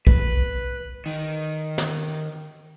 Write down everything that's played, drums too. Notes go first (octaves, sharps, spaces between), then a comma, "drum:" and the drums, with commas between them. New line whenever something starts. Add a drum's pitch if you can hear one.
B4, drum: kick
D#3, drum: open hi-hat
drum: snare